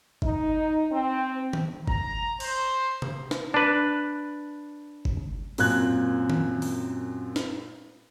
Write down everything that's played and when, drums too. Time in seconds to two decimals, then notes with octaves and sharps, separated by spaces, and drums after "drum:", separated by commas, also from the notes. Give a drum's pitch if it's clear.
0.22 D#4, drum: kick G1
0.91 C4
1.53 drum: tom D#3
1.88 A#5, drum: kick G1
2.40 C5, drum: cymbal
3.02 drum: tom C3
3.31 drum: snare
3.54 D4 B4
5.05 drum: kick G1
5.58 F#2 A#2 C4 F#6 G#6, drum: open hi-hat
6.30 drum: tom D#3
6.62 drum: open hi-hat
7.36 drum: snare